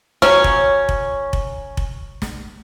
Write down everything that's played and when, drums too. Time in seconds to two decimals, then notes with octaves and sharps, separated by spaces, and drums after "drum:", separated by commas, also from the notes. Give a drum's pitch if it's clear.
0.22 F#3 C#4, drum: snare
0.44 drum: kick F1
0.89 drum: kick F1
1.33 drum: kick F1
1.77 drum: kick F1
2.22 drum: snare